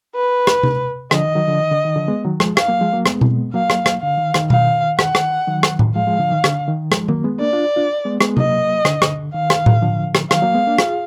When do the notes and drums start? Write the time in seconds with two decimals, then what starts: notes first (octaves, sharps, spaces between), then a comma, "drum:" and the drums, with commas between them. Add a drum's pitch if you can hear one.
0.15 B4
0.47 drum: rim click
0.63 drum: tom C3
1.11 D3 F3 D#5, drum: rim click
1.24 D#3
1.35 D#3 F#3
1.48 D3 F3
1.60 D#3
1.72 D3
1.85 D#3
1.96 D3 F3
2.08 G#3 B3
2.25 D#3 F#3
2.40 F3 G#3, drum: rim click
2.57 F5, drum: rim click
2.68 F#3 A#3
2.81 F3 G#3
2.93 F#3 A#3
3.06 G#3 B3, drum: rim click
3.21 drum: tom B2
3.54 F#3 A#3 F5
3.70 drum: rim click
3.86 drum: rim click
4.02 D3 F5
4.17 D#3
4.34 D#3, drum: rim click
4.50 F5, drum: tom B2
4.99 F#5, drum: rim click
5.15 drum: rim click
5.47 D#3 F#3
5.63 drum: rim click
5.79 drum: tom A2
5.95 F3 G#3 F5
6.07 F3 G#3
6.19 D3 F3
6.32 D#3
6.44 D3, drum: rim click
6.68 D#3
6.92 F3 G#3, drum: rim click
7.08 F#3 A#3, drum: tom D#3
7.24 G#3 B3
7.40 A#3 D4 D5
7.53 D4 F4
7.76 D4 F4
8.05 G#3 B3
8.21 G#3 B3, drum: rim click
8.37 F#3 A#3 D#5, drum: tom C3
8.85 D3, drum: rim click
9.02 drum: rim click
9.34 D#3 F5
9.50 drum: rim click
9.66 drum: tom A2
9.82 D3 F3
10.15 drum: rim click
10.31 D#3 F#3 F5, drum: rim click
10.42 F#3 A#3
10.54 G#3 B3
10.67 A#3 D4
10.78 F4 G#4, drum: rim click